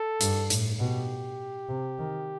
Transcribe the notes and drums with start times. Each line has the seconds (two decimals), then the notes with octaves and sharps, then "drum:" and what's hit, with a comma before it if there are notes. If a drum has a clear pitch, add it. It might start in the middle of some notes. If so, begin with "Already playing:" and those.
Already playing: A4
0.21 G2, drum: hi-hat
0.50 A2, drum: hi-hat
0.80 B2 G4
1.69 C3
1.99 D#3